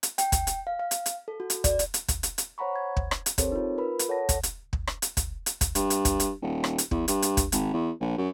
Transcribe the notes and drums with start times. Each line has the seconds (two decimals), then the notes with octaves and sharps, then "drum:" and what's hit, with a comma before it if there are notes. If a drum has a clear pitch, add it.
0.03 drum: hi-hat
0.18 G5, drum: hi-hat
0.32 drum: kick, hi-hat
0.47 drum: hi-hat
0.67 F5
0.79 F5
0.91 drum: hi-hat
1.06 drum: hi-hat
1.28 A4
1.40 F#4
1.50 drum: hi-hat
1.64 D5, drum: kick, hi-hat
1.79 drum: hi-hat
1.94 drum: hi-hat
2.08 drum: kick, hi-hat
2.23 drum: hi-hat
2.38 drum: hi-hat
2.58 C5 C#5 F#5 A#5 B5 C#6
2.76 G#6
2.97 drum: kick
3.11 drum: rim click
3.26 drum: hi-hat
3.38 C4 G4 A4 A#4 C5 C#5, drum: kick, hi-hat
3.52 D#4 F4
3.78 F4 A#4 B4 B5
3.99 drum: hi-hat
4.08 A4 C#5 F#5 A5 A#6
4.29 drum: kick, hi-hat
4.43 drum: hi-hat
4.73 drum: kick
4.87 drum: rim click
5.02 drum: hi-hat
5.17 drum: kick, hi-hat
5.46 drum: hi-hat
5.61 drum: kick, hi-hat
5.75 G2, drum: hi-hat
5.90 drum: hi-hat
6.05 drum: kick, hi-hat
6.20 drum: hi-hat
6.42 D#1
6.64 drum: rim click
6.78 drum: hi-hat
6.91 E2, drum: kick
7.08 G2, drum: hi-hat
7.22 drum: hi-hat
7.37 drum: kick, hi-hat
7.52 G#1, drum: hi-hat
7.74 E2
8.01 A#1
8.18 F#2